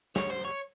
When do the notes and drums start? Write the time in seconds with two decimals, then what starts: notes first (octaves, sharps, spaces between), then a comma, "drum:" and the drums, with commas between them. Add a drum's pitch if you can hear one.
0.16 C#5, drum: snare
0.31 C5
0.45 C#5